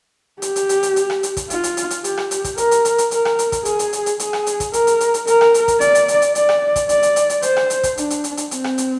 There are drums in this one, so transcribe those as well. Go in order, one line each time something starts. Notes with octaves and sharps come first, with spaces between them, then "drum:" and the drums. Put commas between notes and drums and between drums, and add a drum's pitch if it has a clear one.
G4, drum: hi-hat
drum: hi-hat
drum: hi-hat
drum: hi-hat
drum: hi-hat
drum: rim click
drum: hi-hat
drum: kick, hi-hat
F4, drum: hi-hat
drum: hi-hat
drum: hi-hat
drum: hi-hat
G4, drum: hi-hat
drum: rim click
drum: hi-hat
drum: kick, hi-hat
A#4, drum: hi-hat
drum: hi-hat
drum: hi-hat
drum: hi-hat
A#4, drum: hi-hat
drum: rim click
drum: hi-hat
drum: kick, hi-hat
G#4, drum: hi-hat
drum: hi-hat
drum: hi-hat
drum: hi-hat
G#4, drum: hi-hat
drum: rim click
drum: hi-hat
drum: kick, hi-hat
A#4, drum: hi-hat
drum: hi-hat
drum: hi-hat
drum: hi-hat
A#4, drum: hi-hat
drum: rim click
drum: hi-hat
drum: kick, hi-hat
D5, drum: hi-hat
drum: hi-hat
drum: hi-hat
drum: hi-hat
D5, drum: hi-hat
drum: rim click
drum: kick, hi-hat
D5, drum: hi-hat
drum: hi-hat
drum: hi-hat
drum: hi-hat
C5, drum: hi-hat
drum: rim click
drum: hi-hat
drum: kick, hi-hat
D4, drum: hi-hat
drum: hi-hat
drum: hi-hat
drum: hi-hat
C4, drum: hi-hat
drum: rim click
drum: hi-hat